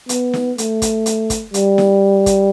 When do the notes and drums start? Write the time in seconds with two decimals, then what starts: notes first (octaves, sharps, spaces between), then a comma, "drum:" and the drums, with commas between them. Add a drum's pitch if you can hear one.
0.09 B3, drum: hi-hat
0.34 drum: snare
0.58 A3, drum: hi-hat
0.82 drum: kick, hi-hat
1.06 drum: hi-hat
1.30 drum: kick, hi-hat
1.54 G3, drum: hi-hat
1.78 drum: snare
2.26 drum: kick, hi-hat